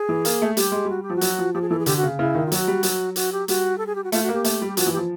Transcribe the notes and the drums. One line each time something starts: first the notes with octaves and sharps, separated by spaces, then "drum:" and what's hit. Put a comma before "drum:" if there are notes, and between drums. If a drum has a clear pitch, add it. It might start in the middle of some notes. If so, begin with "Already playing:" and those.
Already playing: G#4
E3
A#3, drum: hi-hat
A3
G3 G4, drum: hi-hat
G#3
G3 F#4
G4
F3
F#4
F#3, drum: hi-hat
F3
F3 G4
G#4
E3 A4
G#4
D3 G4, drum: hi-hat
F#4
C#3
C#3 E4
D#3
F4
F#3 F#4, drum: hi-hat
G3
F#3, drum: hi-hat
F#4, drum: hi-hat
G4
G3 F#4, drum: hi-hat
A4
G#4
G4
F#4
A3 F4, drum: hi-hat
F#4
A#3 G4
A3, drum: hi-hat
G3
G4
F3 F#4, drum: hi-hat
E3
G4
F3